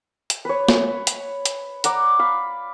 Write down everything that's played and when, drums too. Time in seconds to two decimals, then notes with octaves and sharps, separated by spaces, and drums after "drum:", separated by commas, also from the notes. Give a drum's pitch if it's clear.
0.30 drum: hi-hat
0.45 B4 C#5
0.69 drum: snare
1.07 drum: hi-hat
1.45 drum: hi-hat
1.84 D5 F#5 A#5, drum: hi-hat
2.19 F5 B5